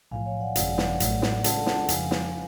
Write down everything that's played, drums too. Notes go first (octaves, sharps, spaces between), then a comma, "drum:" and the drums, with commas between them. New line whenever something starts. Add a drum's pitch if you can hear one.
B1 A2 F3 F5 G#5
C#5 F5
D5 F#5
G#1 F#2 C#3 F3 G#3 D5 F#5, drum: hi-hat
drum: snare
A1 A2 F#3 A3, drum: hi-hat
drum: snare
C#3 G#3 D4 F4 A4 F#5 A5, drum: hi-hat
F#5 A5, drum: snare
F2 C#3 F3 F5 G#5, drum: hi-hat
drum: snare